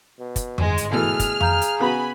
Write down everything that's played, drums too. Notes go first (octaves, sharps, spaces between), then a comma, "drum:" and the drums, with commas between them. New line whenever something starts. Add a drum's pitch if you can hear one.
B2
drum: kick, hi-hat
G1 G#2 G#3, drum: tom F2
drum: hi-hat
B2 E3 A3 G#4 F6
drum: kick, hi-hat
F5 A#5 G6, drum: tom F2
drum: hi-hat
C#3 B3 F#4 G#5 B5